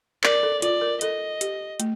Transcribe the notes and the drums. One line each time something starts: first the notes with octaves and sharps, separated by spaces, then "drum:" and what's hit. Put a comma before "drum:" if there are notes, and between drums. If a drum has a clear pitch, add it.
A#4 D5, drum: clap
A4
F4 D5, drum: hi-hat
A#4
A4 D#5, drum: hi-hat
G4, drum: hi-hat
A3, drum: hi-hat